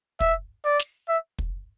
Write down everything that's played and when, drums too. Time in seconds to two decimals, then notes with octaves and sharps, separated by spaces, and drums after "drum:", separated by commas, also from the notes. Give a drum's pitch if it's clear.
0.20 E5, drum: kick
0.65 D5
0.80 drum: snare
1.09 E5
1.39 drum: kick